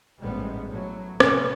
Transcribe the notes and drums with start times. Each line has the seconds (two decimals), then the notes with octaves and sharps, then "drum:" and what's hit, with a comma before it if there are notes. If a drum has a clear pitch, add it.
0.20 A1 G#2 G3 G#3 B3
0.70 A2 F#3
1.20 A2 C3 B3 C#4, drum: rim click